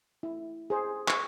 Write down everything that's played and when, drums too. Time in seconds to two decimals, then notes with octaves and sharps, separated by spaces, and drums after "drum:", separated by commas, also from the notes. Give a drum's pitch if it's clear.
0.23 E4
0.70 G#4 C5
1.08 C#6, drum: clap